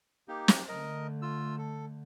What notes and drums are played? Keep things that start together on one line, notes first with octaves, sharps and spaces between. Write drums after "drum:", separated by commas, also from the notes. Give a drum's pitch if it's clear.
A#3 D#4 G4
drum: snare
D3 A3 A#4 D#5
F4 E6
A4